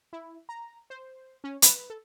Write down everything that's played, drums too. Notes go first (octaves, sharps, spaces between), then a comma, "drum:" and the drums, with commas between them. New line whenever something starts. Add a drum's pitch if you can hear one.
E4
A#5
C5
C#4
B4, drum: hi-hat
A4